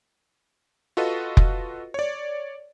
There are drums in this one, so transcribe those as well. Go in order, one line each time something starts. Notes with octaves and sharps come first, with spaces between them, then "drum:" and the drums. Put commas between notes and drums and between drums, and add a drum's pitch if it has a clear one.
F4 F#4 A4 B4 D#5
drum: kick F1
C#5 D5